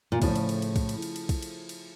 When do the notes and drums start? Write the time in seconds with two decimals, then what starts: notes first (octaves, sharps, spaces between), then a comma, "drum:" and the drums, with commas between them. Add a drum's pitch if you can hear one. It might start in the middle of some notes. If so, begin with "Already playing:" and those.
0.12 A#2
0.22 A2 C#3 F3 A3, drum: kick, cymbal
0.36 drum: cymbal
0.49 drum: cymbal
0.62 drum: cymbal
0.76 drum: kick, cymbal
0.89 drum: cymbal
1.02 drum: cymbal
1.16 drum: cymbal
1.29 drum: kick, cymbal
1.42 drum: cymbal
1.69 drum: cymbal